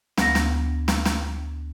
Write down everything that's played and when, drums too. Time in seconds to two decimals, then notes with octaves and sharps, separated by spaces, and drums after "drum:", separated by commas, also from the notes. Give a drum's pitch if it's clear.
0.18 D2 B3 A#6, drum: snare
0.35 drum: snare
0.88 drum: snare
1.05 drum: snare